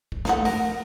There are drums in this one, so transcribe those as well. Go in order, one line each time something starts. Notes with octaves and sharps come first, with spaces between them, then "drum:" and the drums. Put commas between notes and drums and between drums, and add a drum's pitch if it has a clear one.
drum: kick
A3 F5 F#5, drum: snare
A#4 F#5, drum: open hi-hat